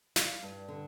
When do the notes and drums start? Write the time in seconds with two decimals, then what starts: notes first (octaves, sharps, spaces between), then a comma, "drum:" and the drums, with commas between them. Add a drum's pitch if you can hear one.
0.16 G3 F5, drum: snare
0.43 G2
0.68 D3